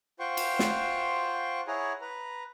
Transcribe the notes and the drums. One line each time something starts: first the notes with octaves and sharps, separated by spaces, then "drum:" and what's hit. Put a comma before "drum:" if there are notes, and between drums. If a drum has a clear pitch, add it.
F4 C5 F#5 G5 C6 C#6
drum: cymbal
drum: snare
E4 G#4 C#5 F#5 G#5 A#5
B4 A#5